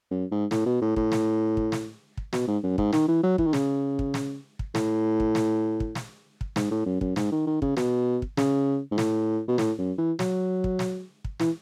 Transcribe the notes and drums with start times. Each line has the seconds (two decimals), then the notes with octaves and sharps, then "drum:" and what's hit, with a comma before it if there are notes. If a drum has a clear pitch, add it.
0.11 F#2
0.32 G#2
0.51 A2, drum: snare
0.66 B2
0.82 A2
0.96 A2, drum: kick
1.12 drum: snare
1.57 drum: kick
1.72 drum: snare
2.17 drum: kick
2.33 B2, drum: snare
2.47 G#2
2.63 F#2
2.78 G#2, drum: kick
2.93 D#3, drum: snare
3.08 E3
3.23 F#3
3.38 E3, drum: kick
3.47 D#3
3.53 C#3, drum: snare
3.99 drum: kick
4.14 drum: snare
4.59 drum: kick
4.75 A2, drum: snare
5.20 drum: kick
5.35 drum: snare
5.80 drum: kick
5.95 drum: snare
6.41 drum: kick
6.56 G#2, drum: snare
6.71 A2
6.86 F#2
7.01 F#2, drum: kick
7.16 G#2, drum: snare
7.32 D#3
7.47 D#3
7.62 C#3, drum: kick
7.77 B2, drum: snare
8.22 drum: kick
8.37 C#3, drum: snare
8.92 G#2
8.98 A2, drum: snare
9.48 B2
9.58 A2, drum: snare
9.78 F#2
9.98 E3
10.19 F#3, drum: snare
10.64 drum: kick
10.79 drum: snare
11.25 drum: kick
11.40 E3, drum: snare